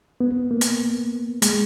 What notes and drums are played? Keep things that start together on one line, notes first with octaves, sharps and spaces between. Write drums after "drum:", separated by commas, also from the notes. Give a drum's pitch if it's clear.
B3
A#3
drum: hi-hat
G#3, drum: hi-hat